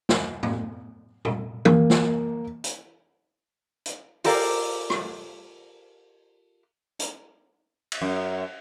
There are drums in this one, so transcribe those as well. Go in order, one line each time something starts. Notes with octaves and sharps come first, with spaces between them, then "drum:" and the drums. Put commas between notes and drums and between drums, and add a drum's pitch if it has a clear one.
drum: snare
drum: tom
drum: tom A#2
A#3, drum: tom E3
drum: snare
drum: hi-hat
drum: hi-hat
F4 G4 A4 A#4 D5 F5, drum: open hi-hat
drum: rim click
drum: hi-hat
drum: cymbal
F#2